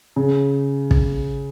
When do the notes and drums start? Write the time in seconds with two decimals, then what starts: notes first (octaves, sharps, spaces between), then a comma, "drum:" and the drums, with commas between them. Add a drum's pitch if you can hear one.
0.16 C#3
0.91 drum: kick